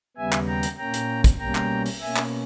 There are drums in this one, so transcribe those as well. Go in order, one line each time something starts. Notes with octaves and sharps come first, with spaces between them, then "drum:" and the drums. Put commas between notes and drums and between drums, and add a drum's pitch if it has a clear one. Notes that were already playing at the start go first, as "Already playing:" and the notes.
D#2 C#3 G3 B3 E5 G#5
drum: clap
G5 A#5
drum: hi-hat
A#2 A#3 C#4 G5 A#5
drum: hi-hat
drum: kick, hi-hat
B2 G3 A#3 C#4 G5 A#5
drum: clap
drum: open hi-hat
B2 A#3 C#4 E5 G#5
drum: clap